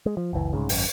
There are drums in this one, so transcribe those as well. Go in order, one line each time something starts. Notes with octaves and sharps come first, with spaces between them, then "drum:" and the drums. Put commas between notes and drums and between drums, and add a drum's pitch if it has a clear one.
G#3
F3
F#1 C#2 E3
C2 G#2 C#3
G#1 F#2, drum: open hi-hat